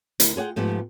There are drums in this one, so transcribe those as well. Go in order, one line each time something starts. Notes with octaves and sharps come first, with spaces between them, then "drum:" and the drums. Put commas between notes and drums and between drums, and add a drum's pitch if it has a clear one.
D2 E4 A#4, drum: hi-hat
F4 G#4 C#5 F#5 G5
G#2 F3 A3 B3 G4